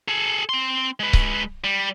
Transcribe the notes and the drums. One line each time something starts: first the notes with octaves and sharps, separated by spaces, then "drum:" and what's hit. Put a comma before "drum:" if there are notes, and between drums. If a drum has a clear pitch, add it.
G#4 A4
C4 C6
G#3 B4
drum: kick C#1
G3